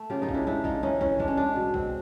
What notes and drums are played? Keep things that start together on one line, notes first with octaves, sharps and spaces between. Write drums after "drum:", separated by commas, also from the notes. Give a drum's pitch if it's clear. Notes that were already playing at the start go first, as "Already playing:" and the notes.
Already playing: A3
C#3 F4 G4
D#4 F4
C#3, drum: kick
D4 E4
G#3 D4 E4
G#3 D#4 F4, drum: kick
E3 C#4 D#4
E3 C#4, drum: kick
G#3 D4, drum: kick
C#4
G#3 D4
B2
C4, drum: kick